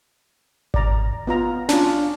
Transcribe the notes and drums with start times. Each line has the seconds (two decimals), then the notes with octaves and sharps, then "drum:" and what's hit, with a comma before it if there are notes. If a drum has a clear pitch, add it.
0.74 D5 A#5, drum: kick G#1
1.27 B3 F4 A#5
1.69 C#4 D4 F4, drum: snare